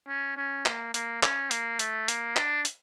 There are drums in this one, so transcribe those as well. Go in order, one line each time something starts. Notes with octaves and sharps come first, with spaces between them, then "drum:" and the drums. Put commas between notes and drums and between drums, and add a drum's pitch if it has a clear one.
C#4
C#4
A#3, drum: clap
A#3, drum: hi-hat
C#4, drum: clap
A#3, drum: hi-hat
A3, drum: hi-hat
A#3, drum: hi-hat
D4, drum: clap
drum: hi-hat